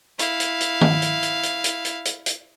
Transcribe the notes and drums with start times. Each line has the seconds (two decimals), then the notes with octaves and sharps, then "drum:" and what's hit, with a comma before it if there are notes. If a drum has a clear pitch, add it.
0.19 E4 F5, drum: hi-hat
0.40 drum: hi-hat
0.60 drum: hi-hat
0.81 drum: tom D#3
1.02 drum: hi-hat
1.23 drum: hi-hat
1.43 drum: hi-hat
1.64 drum: hi-hat
1.85 drum: hi-hat
2.05 drum: hi-hat
2.26 drum: hi-hat